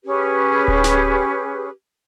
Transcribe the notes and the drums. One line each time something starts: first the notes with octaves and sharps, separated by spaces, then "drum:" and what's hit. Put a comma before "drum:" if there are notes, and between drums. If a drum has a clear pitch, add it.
C#4 G4 G#4 B4
drum: kick D1
drum: snare